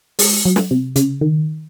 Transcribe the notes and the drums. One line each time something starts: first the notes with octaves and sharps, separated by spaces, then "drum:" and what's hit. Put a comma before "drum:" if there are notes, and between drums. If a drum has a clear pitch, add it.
G#3, drum: open hi-hat
F#3
drum: snare
C3
C#3, drum: hi-hat
D#3